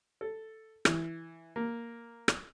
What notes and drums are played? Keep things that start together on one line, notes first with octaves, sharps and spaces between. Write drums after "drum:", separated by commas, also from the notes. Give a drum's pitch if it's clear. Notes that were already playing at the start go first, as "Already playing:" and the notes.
A4
E3, drum: rim click
A#3
drum: rim click